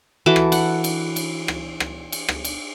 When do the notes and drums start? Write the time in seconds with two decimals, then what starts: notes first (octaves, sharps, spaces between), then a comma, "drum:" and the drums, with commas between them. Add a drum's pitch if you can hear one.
0.26 E3 F#4 A4 D6
0.36 drum: rim click
0.52 F#5, drum: cymbal
0.84 drum: cymbal
1.16 drum: cymbal
1.48 drum: rim click
1.80 drum: rim click
2.12 drum: cymbal
2.29 drum: rim click
2.45 drum: cymbal